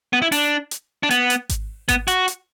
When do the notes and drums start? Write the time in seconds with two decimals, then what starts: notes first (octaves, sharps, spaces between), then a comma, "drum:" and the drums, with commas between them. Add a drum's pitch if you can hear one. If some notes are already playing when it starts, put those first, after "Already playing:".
0.13 B3
0.22 E4
0.32 D4, drum: open hi-hat
0.71 drum: hi-hat
1.03 D4
1.10 B3, drum: hi-hat
1.30 drum: hi-hat
1.49 drum: kick G#1, hi-hat
1.88 B3, drum: kick G#1, hi-hat
2.08 F#4, drum: hi-hat
2.28 drum: hi-hat